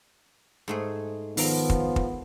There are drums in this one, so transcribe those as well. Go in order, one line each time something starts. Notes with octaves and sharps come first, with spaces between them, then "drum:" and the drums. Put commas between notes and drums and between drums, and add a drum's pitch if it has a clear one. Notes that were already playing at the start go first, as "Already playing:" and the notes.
G#2 A3 G#4
D#3 F3 B3 A#4 F5, drum: open hi-hat
drum: kick
drum: kick